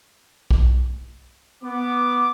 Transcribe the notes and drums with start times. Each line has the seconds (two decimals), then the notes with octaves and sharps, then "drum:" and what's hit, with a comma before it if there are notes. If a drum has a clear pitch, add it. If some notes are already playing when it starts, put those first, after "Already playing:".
0.51 drum: kick B1
1.63 B3 D6